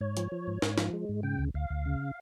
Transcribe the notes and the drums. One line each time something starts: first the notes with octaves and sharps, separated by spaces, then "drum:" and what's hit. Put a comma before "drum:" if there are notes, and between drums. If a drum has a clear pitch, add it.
G#2 C#5
F3, drum: hi-hat
F3
G#2
G#2, drum: snare
F3, drum: snare
G#3
G#2
C#3 G5
D2
D2 F5
D2
C#3